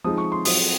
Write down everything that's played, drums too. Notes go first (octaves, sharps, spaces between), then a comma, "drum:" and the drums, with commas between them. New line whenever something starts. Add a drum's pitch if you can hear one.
F3 G#3 D#4 D#6
C#6
C6
F#3 C4 F4 D#6, drum: open hi-hat